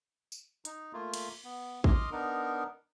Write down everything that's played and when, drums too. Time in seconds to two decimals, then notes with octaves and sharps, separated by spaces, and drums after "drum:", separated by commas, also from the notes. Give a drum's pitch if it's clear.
0.32 drum: tambourine
0.65 D#4, drum: hi-hat
0.93 A3 A#3 F4
1.14 drum: cymbal
1.44 B3
1.84 D#5 C6 D6 D#6 F6, drum: kick
2.12 B3 D4 D#4 A#4